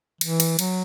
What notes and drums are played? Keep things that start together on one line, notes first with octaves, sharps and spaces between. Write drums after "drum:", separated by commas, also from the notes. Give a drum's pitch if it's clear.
E3, drum: cymbal
drum: cymbal
F#3, drum: cymbal